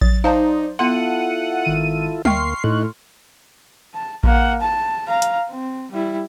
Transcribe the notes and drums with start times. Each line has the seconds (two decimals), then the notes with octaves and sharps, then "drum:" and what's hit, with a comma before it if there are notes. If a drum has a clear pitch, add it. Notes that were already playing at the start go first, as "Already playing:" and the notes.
0.01 F#3 A6, drum: kick A1
0.24 D#4 C5 D5 F5 A5 A#5
0.79 B3 E4 F4 A4 F#5 C6 D#7
1.64 G#1 D#3 D#7
2.25 D2 A#3 E5 G5 C6 C#6 F6 C7, drum: tom
2.64 A2 D#4 F#6
3.94 A5
4.24 A#3 F#5, drum: kick A1
4.61 A5
5.08 F5 A#5
5.22 drum: hi-hat
5.49 C4
5.91 G3 E4